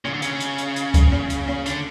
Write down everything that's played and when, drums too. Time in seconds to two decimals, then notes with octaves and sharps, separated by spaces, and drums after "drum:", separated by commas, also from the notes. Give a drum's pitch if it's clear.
0.05 C#3, drum: rim click
0.13 D3
0.22 C#3, drum: hi-hat
0.40 drum: hi-hat
0.58 drum: hi-hat
0.76 drum: hi-hat
0.94 drum: kick C#2, hi-hat
1.12 drum: rim click
1.30 drum: hi-hat
1.48 drum: rim click
1.66 D3, drum: hi-hat